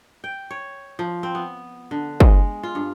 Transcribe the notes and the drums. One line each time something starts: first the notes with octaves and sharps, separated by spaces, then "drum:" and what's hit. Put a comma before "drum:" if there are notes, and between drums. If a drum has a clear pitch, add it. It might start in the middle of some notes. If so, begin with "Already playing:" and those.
G5
C#5
F3
C4
B3
D3
G#3, drum: kick
F4
G2